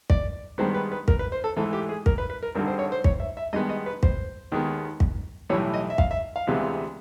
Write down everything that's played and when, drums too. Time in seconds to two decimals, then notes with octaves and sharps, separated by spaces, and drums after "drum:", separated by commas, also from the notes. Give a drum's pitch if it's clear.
0.10 D5, drum: kick
0.58 G2 D#3 G#3 B3 C5
0.75 B4
0.92 B4
1.08 A#4, drum: kick
1.19 B4
1.32 C5
1.44 A4
1.56 G#2 E3 A3 A4
1.73 G4
1.89 G#4
2.06 A#4, drum: kick
2.18 B4
2.30 B4
2.43 A#4
2.55 G#1 G2 D3 A#4
2.68 C5
2.79 C#5
2.92 C5
3.04 C#5, drum: kick
3.20 E5
3.37 E5
3.53 G2 D#3 G#3 B3 D#5
3.69 D#5
3.86 B4
4.03 C5, drum: kick
4.52 D#2 D#3 G#3 B3
5.00 drum: kick
5.50 B1 A2 E3 G3 C#5
5.74 D#5
5.90 E5
5.98 F5, drum: kick
6.11 E5
6.36 F5
6.47 D2 C3 E3 G#3 B3